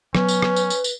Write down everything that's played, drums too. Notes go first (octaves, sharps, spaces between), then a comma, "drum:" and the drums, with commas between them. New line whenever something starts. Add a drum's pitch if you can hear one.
F#3 B3 C#4 B4, drum: rim click
drum: tambourine
drum: rim click
drum: tambourine
drum: tambourine
drum: tambourine